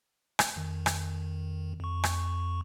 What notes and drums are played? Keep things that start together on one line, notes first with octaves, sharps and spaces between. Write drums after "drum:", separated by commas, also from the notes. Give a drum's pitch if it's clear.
drum: rim click
F2 D#3
drum: rim click
F2 C#6
drum: rim click